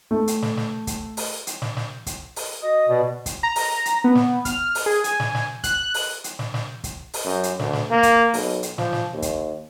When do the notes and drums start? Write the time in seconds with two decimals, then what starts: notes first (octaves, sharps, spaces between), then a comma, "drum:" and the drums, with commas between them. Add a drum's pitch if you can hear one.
0.11 A3
0.28 drum: hi-hat
0.42 drum: snare
0.57 drum: snare
0.87 drum: kick, hi-hat
1.17 drum: open hi-hat
1.47 drum: hi-hat
1.62 drum: snare
1.77 drum: snare
2.06 drum: kick, hi-hat
2.36 drum: open hi-hat
2.62 F#4 D#5 D#6
2.89 B2 D5
3.26 drum: kick, hi-hat
3.43 A#5
3.56 drum: open hi-hat
3.85 drum: hi-hat
4.04 B3
4.15 drum: snare
4.45 F6, drum: kick, hi-hat
4.75 drum: open hi-hat
4.86 G#4
5.04 G#5, drum: hi-hat
5.20 drum: snare
5.35 drum: snare
5.64 F#6, drum: kick, hi-hat
5.94 drum: open hi-hat
6.24 drum: hi-hat
6.39 drum: snare
6.54 drum: snare
6.84 drum: kick, hi-hat
7.14 drum: open hi-hat
7.25 F#2
7.43 drum: hi-hat
7.59 D2, drum: snare
7.73 drum: snare
7.90 A#3
8.03 drum: kick, hi-hat
8.34 B1, drum: open hi-hat
8.63 drum: hi-hat
8.78 F3, drum: snare
8.93 drum: snare
9.13 D#2
9.22 drum: kick, hi-hat